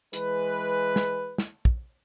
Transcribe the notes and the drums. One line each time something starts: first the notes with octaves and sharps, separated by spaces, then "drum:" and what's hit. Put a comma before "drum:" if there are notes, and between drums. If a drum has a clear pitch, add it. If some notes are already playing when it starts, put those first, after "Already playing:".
E3 G#3 B4, drum: hi-hat
drum: snare
drum: snare
drum: kick